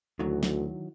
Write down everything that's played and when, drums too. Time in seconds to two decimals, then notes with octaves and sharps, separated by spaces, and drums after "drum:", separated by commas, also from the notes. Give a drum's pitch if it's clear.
0.19 D2 D#3 E3 F#3
0.43 drum: snare